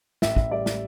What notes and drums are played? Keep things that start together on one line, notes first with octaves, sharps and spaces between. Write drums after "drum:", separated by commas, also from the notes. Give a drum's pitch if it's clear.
A1 E5, drum: snare
A1 E5, drum: kick
G3 D5
drum: snare